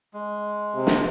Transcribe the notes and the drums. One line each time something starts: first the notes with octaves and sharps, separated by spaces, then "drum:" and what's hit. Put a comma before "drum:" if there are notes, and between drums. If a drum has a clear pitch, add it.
G#3
C3
drum: snare